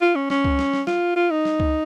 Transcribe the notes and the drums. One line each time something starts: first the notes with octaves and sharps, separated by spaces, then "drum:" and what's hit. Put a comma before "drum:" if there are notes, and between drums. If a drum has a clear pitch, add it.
F4
C#4
C#4, drum: snare
drum: kick C#2
drum: snare
drum: snare
F4, drum: snare
F4
D#4
drum: snare
drum: kick C#2